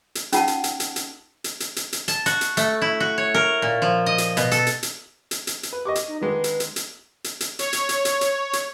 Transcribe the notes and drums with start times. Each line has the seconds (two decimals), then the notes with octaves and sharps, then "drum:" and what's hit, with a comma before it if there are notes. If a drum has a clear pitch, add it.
0.15 drum: hi-hat
0.32 C#4 D#4 F4 F#5 A5, drum: hi-hat
0.48 drum: hi-hat
0.64 drum: hi-hat
0.80 drum: hi-hat
0.96 drum: hi-hat
1.44 drum: hi-hat
1.60 drum: hi-hat
1.76 drum: hi-hat
1.93 drum: hi-hat
2.08 A5, drum: hi-hat
2.26 F#4, drum: hi-hat
2.41 drum: hi-hat
2.57 A3, drum: hi-hat
2.82 E4
3.00 F#4
3.18 C#5
3.34 A#4
3.62 A#2
3.82 F3
4.06 D#5
4.18 drum: hi-hat
4.37 B2, drum: hi-hat
4.51 A4, drum: hi-hat
4.67 drum: hi-hat
4.83 drum: hi-hat
5.31 drum: hi-hat
5.47 drum: hi-hat
5.63 drum: hi-hat
5.73 B4
5.85 G4 D#5 C#6 D6
5.95 drum: hi-hat
6.08 D#4
6.21 D3 D#3 G#3 B4
6.44 drum: hi-hat
6.60 drum: hi-hat
6.76 drum: hi-hat
7.24 drum: hi-hat
7.40 drum: hi-hat
7.59 C#5, drum: hi-hat
7.73 drum: hi-hat
7.89 drum: hi-hat
8.05 drum: hi-hat
8.21 drum: hi-hat
8.53 drum: hi-hat